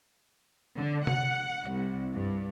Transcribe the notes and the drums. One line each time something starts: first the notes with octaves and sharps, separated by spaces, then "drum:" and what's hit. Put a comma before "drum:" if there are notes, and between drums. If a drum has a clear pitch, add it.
D3
F#5, drum: tom C3
C2
G2